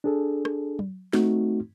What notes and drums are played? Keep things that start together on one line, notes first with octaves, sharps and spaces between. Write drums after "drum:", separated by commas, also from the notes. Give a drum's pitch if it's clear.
D4 G#4 A4
drum: rim click
drum: tom F#3
A3 C4 D#4 F#4, drum: snare